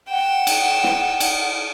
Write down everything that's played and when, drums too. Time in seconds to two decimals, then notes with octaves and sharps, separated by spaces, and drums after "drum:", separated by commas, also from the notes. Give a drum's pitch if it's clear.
0.10 F#5 G5 E7
0.47 drum: cymbal
0.84 drum: snare
1.20 drum: cymbal